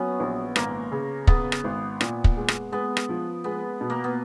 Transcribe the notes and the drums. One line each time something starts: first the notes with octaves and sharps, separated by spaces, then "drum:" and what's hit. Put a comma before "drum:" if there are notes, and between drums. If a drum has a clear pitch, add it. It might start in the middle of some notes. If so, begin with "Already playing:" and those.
Already playing: F#3 B3 C#4
A#1
G#1 A#3, drum: rim click
C#3
C#3 B3, drum: kick
drum: rim click
G#1
A#2, drum: rim click
drum: kick
G#3
drum: rim click
G#3 B3
drum: rim click
F3
G#3 B3
B2
A#3
B3